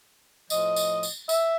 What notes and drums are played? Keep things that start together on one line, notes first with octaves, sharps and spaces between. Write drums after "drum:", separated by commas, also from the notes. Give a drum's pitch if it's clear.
A2 F3 D#5, drum: tambourine
drum: tambourine
drum: tambourine
E5, drum: tambourine